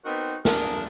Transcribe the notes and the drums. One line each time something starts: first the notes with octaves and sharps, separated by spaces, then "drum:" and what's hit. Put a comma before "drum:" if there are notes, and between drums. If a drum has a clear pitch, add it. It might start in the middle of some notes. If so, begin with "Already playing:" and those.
B3 C4 D#4 F#4 A#4 C5
D4 G#4 A#4, drum: snare